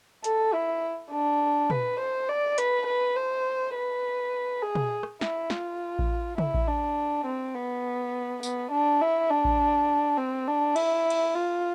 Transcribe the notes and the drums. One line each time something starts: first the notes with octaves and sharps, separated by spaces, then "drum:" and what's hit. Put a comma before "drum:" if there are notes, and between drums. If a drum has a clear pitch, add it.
A4, drum: hi-hat
E4
D4
B4, drum: tom
C5
D5
B4, drum: hi-hat
B4
C5
B4
G#4
drum: tom
drum: rim click
E4, drum: snare
F4, drum: snare
drum: kick A1
E4, drum: tom
drum: kick A1
D4
C4
B3
B3, drum: tambourine
D4
E4
D4
drum: kick A1
C4
D4
E4, drum: cymbal
drum: cymbal
F4